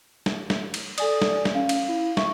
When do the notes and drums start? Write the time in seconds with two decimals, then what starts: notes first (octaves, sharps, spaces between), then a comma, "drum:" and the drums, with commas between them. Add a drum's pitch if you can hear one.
0.26 drum: snare
0.50 drum: snare
0.74 drum: cymbal
0.98 A4 D5 G#5 D#6, drum: cymbal
1.22 drum: snare
1.45 drum: snare
1.55 C#4 F5
1.69 drum: cymbal
1.88 E4
2.17 E5 C#6, drum: snare